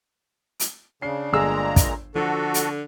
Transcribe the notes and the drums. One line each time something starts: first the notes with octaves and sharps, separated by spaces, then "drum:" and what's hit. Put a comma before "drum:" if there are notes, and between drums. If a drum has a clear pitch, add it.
drum: hi-hat
C#3 D4 C7
G1 A#2 G#3 G#4 A#5 E6
drum: kick, hi-hat
D3 F3 F#4 A4
drum: hi-hat